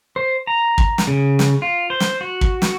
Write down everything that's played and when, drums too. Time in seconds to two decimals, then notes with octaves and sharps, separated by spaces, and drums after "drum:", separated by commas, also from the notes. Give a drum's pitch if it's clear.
0.16 C5
0.47 A#5
0.78 drum: kick
0.98 drum: snare
1.07 C#3
1.39 drum: snare
1.62 F4
1.90 C5
2.00 drum: snare
2.21 F#4
2.41 drum: kick
2.62 drum: snare